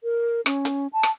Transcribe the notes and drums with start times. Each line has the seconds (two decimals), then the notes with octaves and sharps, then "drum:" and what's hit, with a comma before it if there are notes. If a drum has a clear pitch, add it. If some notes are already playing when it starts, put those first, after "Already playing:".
0.04 A#4
0.46 C#4, drum: rim click
0.65 drum: hi-hat
0.93 A5
1.03 drum: rim click